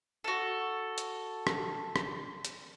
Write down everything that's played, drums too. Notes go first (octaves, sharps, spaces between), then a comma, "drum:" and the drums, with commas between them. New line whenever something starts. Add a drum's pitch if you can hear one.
F#4 A4
drum: hi-hat
drum: rim click
drum: rim click
drum: hi-hat